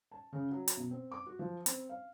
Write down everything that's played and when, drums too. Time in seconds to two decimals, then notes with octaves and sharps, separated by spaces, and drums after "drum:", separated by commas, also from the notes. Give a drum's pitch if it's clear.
0.12 A5
0.33 C#3
0.51 F#3
0.68 drum: hi-hat
0.77 B2
0.91 C4
1.12 D6
1.26 F#4
1.39 F3
1.66 C4, drum: hi-hat
1.89 F5